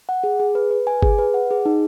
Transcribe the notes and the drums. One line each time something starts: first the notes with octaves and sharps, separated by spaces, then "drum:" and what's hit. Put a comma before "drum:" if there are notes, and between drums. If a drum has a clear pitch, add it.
F#5
G#4
G#4
B4
B4
G#5
G#4, drum: kick G1
B4
F#5
G#4
D#4